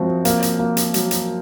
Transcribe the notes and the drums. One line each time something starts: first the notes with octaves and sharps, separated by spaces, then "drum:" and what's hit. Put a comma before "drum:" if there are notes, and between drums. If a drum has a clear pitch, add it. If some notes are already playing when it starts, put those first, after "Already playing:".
Already playing: F#2 F3 C4 F#4
A#3, drum: hi-hat
drum: hi-hat
A#3
drum: hi-hat
F#3, drum: hi-hat
drum: hi-hat